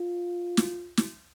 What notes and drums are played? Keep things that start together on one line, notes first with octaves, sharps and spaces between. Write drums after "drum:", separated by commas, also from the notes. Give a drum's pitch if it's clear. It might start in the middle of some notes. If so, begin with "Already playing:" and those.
Already playing: F4
drum: snare
drum: snare